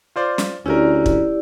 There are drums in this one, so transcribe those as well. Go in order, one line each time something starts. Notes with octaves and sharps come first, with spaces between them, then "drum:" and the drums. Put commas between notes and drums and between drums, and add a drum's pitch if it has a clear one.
F4 C5 D5
drum: snare
D2 C#4 E4 G4 A#4 D5
drum: kick